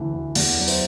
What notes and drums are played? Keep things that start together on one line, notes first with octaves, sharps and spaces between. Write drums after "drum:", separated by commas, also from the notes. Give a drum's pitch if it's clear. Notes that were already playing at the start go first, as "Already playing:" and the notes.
Already playing: D2 E3
D2
E2 D5 F#5, drum: cymbal
F#3
C5 E5, drum: open hi-hat